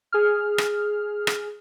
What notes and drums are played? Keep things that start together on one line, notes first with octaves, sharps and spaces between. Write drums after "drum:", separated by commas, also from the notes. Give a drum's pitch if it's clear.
G#4 F6
drum: rim click
drum: rim click